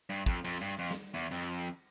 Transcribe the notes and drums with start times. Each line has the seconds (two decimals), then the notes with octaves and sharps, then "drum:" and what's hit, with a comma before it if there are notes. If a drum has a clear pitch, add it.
0.10 G2
0.26 F2, drum: kick
0.45 F2, drum: cymbal
0.61 G2
0.79 F2
0.91 drum: snare
1.14 E2
1.31 F2